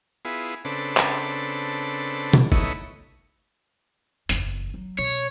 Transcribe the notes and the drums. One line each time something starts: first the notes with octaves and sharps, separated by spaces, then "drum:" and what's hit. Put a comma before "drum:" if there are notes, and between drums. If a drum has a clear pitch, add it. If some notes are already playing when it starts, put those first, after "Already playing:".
B3 E4 F4 G#4
C#3 C4 D4 A4 B4
drum: clap
drum: tom B2
A3 B3 D#4 E4 C#5, drum: kick
F#1 E2, drum: hi-hat
F#3
B2 C#5